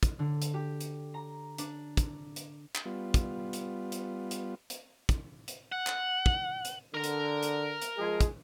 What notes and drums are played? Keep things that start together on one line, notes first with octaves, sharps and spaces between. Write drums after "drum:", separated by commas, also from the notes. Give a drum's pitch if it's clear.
drum: kick, hi-hat
D3
drum: hi-hat
G4
drum: hi-hat
A#5
D4, drum: hi-hat
drum: kick, hi-hat
drum: hi-hat
drum: clap
G3 B3 F4
drum: kick, hi-hat
drum: hi-hat
drum: hi-hat
drum: hi-hat
drum: hi-hat
drum: kick, hi-hat
drum: hi-hat
F#5
drum: clap
drum: kick
drum: hi-hat
D3 A#4 A#5
drum: hi-hat
drum: hi-hat
drum: hi-hat
F3 G#3 G#4
drum: kick, hi-hat